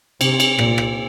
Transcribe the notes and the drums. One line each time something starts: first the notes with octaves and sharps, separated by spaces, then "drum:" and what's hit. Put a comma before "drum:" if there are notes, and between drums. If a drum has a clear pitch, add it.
C3, drum: cymbal
drum: cymbal
A#2, drum: rim click
drum: rim click